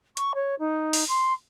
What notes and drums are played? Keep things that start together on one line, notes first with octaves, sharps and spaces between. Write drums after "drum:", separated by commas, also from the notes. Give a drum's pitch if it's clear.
C#6, drum: hi-hat
C#5
D#4
drum: open hi-hat
C6